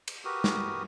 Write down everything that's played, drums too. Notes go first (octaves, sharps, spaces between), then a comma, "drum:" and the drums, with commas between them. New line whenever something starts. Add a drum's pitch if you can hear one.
drum: cymbal
F#4 G4 A#4 B4 D#6
drum: snare